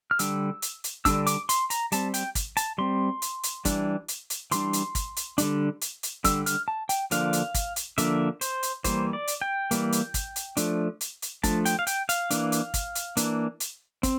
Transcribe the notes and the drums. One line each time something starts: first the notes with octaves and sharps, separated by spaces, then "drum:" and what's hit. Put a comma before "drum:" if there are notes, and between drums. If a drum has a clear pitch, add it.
F6
D3 G3 D4 E6, drum: hi-hat
drum: hi-hat
drum: hi-hat
D3 G3 D4 E6, drum: kick, hi-hat
D6, drum: hi-hat
C6, drum: hi-hat
A#5, drum: hi-hat
G3 C4 A5, drum: hi-hat
G5, drum: hi-hat
drum: kick, hi-hat
A5, drum: hi-hat
G3 C4 C6
drum: hi-hat
drum: hi-hat
E3 G3 D4, drum: kick, hi-hat
drum: hi-hat
drum: hi-hat
E3 G3 D4 C6, drum: hi-hat
drum: hi-hat
drum: kick, hi-hat
drum: hi-hat
D3 G3 D4, drum: hi-hat
drum: hi-hat
drum: hi-hat
D3 G3 D4 E6, drum: kick, hi-hat
F6, drum: hi-hat
A5
G5, drum: hi-hat
D3 F3 A#3 D4 F5, drum: hi-hat
drum: hi-hat
drum: kick, hi-hat
drum: hi-hat
D3 F3 A#3 D4 E5, drum: hi-hat
C5, drum: hi-hat
drum: hi-hat
E3 G3 A#3 C5, drum: kick, hi-hat
D5
drum: hi-hat
G5
E3 G3 A#3, drum: hi-hat
drum: hi-hat
drum: kick, hi-hat
drum: hi-hat
F3 A3 D4, drum: hi-hat
drum: hi-hat
drum: hi-hat
F3 A3 D4 A5, drum: kick, hi-hat
G5, drum: hi-hat
F5
G5, drum: hi-hat
F5, drum: hi-hat
E3 A#3 D4, drum: hi-hat
drum: hi-hat
drum: kick, hi-hat
drum: hi-hat
E3 A#3 D4, drum: hi-hat
drum: hi-hat
C4, drum: kick, hi-hat